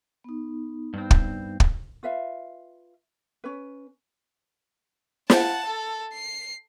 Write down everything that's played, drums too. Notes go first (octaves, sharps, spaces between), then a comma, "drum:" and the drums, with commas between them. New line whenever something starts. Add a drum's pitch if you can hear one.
B3 D#4
G2 C4
drum: kick
drum: kick
F4 B4 E5 F5
C#4 B4
F#5 A5, drum: snare
A4
C7